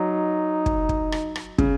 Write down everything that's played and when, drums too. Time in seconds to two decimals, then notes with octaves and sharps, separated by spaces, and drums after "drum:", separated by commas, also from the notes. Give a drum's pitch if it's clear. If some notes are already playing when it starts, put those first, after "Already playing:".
Already playing: F#3 D#4
0.66 drum: kick
0.89 drum: kick
1.12 drum: rim click
1.36 drum: rim click
1.58 C#3, drum: kick